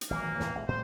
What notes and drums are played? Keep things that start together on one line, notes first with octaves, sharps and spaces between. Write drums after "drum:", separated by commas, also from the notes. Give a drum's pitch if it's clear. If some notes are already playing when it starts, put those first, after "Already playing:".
drum: hi-hat
G#1 A#2 E3 F#3 A#3
D#2 A2 C3, drum: snare
A1 B2 G#3
A2 G3 A3 C5